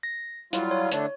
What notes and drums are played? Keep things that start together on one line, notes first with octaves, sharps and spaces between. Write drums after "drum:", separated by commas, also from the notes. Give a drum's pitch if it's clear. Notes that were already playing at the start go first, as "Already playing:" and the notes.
A#6
F#3 G3 E4 F4, drum: hi-hat
C#5
D3 A3 D4, drum: hi-hat